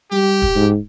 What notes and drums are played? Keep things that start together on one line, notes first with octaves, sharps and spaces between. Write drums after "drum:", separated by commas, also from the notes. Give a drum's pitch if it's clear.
G3 G4
drum: kick
G#2